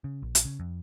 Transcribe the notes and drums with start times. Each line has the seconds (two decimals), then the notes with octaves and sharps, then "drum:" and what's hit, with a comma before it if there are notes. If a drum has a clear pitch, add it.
0.04 C#3
0.22 A#1
0.35 drum: hi-hat
0.45 C#3
0.59 F2